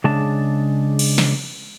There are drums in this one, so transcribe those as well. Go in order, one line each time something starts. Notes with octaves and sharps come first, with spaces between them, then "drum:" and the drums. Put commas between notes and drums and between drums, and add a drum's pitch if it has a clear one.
C#3 G#3 D4 A5
drum: cymbal
drum: snare